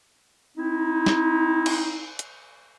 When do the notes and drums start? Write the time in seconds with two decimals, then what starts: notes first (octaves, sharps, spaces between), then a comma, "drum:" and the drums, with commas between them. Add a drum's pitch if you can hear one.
0.56 C4 D#4 E4
1.06 drum: snare
1.66 drum: cymbal
2.19 drum: hi-hat